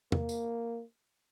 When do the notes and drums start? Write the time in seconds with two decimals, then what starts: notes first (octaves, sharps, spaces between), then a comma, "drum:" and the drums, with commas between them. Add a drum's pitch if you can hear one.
0.12 A#3, drum: tom
0.29 drum: tambourine